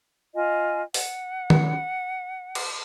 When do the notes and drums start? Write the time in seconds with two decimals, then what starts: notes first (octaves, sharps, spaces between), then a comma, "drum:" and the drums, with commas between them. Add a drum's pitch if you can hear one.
0.34 F4 D#5 G#5
0.94 F#5, drum: open hi-hat
1.50 drum: tom D#3
2.55 drum: cymbal